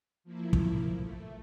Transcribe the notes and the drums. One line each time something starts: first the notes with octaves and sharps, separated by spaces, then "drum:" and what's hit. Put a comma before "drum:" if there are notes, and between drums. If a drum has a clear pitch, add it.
F3 A#3 E4
drum: kick
A3